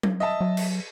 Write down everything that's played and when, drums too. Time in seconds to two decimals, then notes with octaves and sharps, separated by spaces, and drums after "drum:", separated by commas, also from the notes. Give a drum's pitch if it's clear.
0.03 drum: tom F#3
0.20 D#5 E5 A5
0.41 F#3
0.57 drum: cymbal